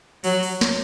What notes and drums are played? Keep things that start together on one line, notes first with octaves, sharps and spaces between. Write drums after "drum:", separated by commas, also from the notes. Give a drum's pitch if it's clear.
F#3, drum: open hi-hat
drum: open hi-hat
drum: snare